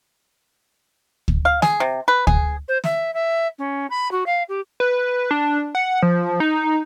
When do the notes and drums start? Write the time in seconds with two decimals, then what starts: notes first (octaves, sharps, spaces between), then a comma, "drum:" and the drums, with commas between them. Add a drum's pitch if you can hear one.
1.28 drum: kick
1.45 F5
1.62 G#4, drum: snare
1.80 C3
2.08 B4
2.27 G#4, drum: kick
2.68 C5
2.84 E5, drum: snare
3.14 E5
3.58 C#4
3.90 B5
4.11 F#4
4.26 F5
4.48 G4
4.80 B4
5.31 D4
5.75 F#5
6.02 F3
6.40 D#4